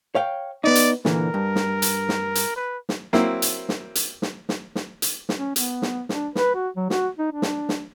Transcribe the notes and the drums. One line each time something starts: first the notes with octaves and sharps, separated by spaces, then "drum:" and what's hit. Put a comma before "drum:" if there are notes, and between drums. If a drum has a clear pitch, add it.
C#5 F5 G5
B3 D#4 D5
drum: hi-hat
A#2 D3 E3 A#4, drum: snare
G2
drum: snare
drum: hi-hat
drum: snare
drum: hi-hat
B4
drum: snare
F#3 A#3 C4 E4, drum: snare
drum: hi-hat
drum: snare
drum: hi-hat
drum: snare
drum: snare
drum: snare
drum: hi-hat
drum: snare
C#4
B3, drum: hi-hat
drum: snare
D4, drum: snare
B4, drum: snare
F#4
F#3
F#4, drum: snare
D#4
D4
drum: snare
drum: snare